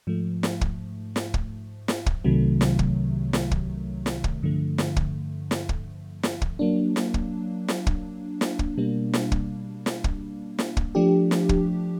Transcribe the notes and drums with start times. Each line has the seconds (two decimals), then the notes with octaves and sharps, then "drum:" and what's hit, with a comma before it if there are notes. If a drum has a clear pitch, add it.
0.07 G#2 F3 A3
0.43 drum: snare
0.61 drum: kick
1.16 drum: snare
1.34 drum: kick
1.88 drum: snare
2.06 drum: kick
2.24 C2 C3 D#3 F#3 A3
2.61 drum: snare
2.79 drum: kick
3.33 drum: snare
3.51 drum: kick
4.06 drum: snare
4.24 drum: kick
4.42 G2 D3 F3 A3
4.78 drum: snare
4.96 drum: kick
5.51 drum: snare
5.69 drum: kick
6.23 drum: snare
6.42 drum: kick
6.59 F#3 A#3 D4
6.96 drum: snare
7.14 drum: kick
7.68 drum: snare
7.87 drum: kick
8.41 drum: snare
8.59 drum: kick
8.77 B2 G3 A#3 D4
9.14 drum: snare
9.32 drum: kick
9.86 drum: snare
10.04 drum: kick
10.59 drum: snare
10.77 drum: kick
10.95 F3 A3 D4 G4
11.31 drum: snare
11.49 drum: kick